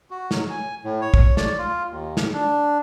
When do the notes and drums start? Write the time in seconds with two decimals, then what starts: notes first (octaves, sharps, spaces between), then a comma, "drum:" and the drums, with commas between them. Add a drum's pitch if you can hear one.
0.10 F#4
0.31 F#3, drum: snare
0.50 G#5
0.84 A2
1.01 C#5
1.14 drum: kick
1.37 D5, drum: snare
1.58 F4
1.89 D#2
2.17 drum: snare
2.33 D4